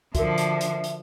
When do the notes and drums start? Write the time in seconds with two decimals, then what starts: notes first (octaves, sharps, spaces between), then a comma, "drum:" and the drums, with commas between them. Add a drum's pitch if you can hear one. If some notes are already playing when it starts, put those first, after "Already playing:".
0.15 D3 F3 F#4 A#4 E5, drum: kick, hi-hat
0.38 drum: hi-hat
0.61 drum: hi-hat
0.84 drum: hi-hat